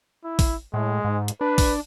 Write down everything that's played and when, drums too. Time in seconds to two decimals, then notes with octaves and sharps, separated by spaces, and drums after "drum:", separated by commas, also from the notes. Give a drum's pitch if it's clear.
0.24 E4
0.39 drum: kick A1, open hi-hat
0.74 A2 G#3
1.04 G#2
1.28 drum: hi-hat
1.41 D4 B4
1.58 drum: kick A1, open hi-hat